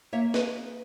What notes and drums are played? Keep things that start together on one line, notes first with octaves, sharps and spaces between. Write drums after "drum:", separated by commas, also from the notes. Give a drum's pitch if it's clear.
A#3 C#5 E5
B4 D#5, drum: snare